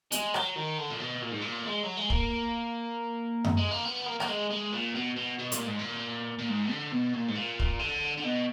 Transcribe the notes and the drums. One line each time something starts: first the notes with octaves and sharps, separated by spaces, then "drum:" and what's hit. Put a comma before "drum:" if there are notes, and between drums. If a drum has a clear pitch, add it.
G#3, drum: hi-hat
F#3, drum: rim click
D#3
D3
A#2
B2
A#2
G#2
A#2
G#3
F#3
G#3
A#3, drum: kick
drum: tom F#2
G#3
A#3
B3
A#3
A#3, drum: rim click
G#3
G#3
A#2
B2
B2
B2
A#2, drum: hi-hat
G#2
A#2
A#2
G#2
D3
B2
A#2
G#2
A#2
drum: kick
D3
D3
B2